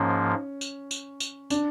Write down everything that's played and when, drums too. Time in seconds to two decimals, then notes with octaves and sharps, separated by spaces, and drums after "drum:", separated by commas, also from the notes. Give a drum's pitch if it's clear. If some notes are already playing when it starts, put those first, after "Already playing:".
Already playing: G#2 F3 A#3 C#4
0.61 drum: tambourine
0.91 drum: tambourine
1.20 drum: tambourine
1.50 D4, drum: tambourine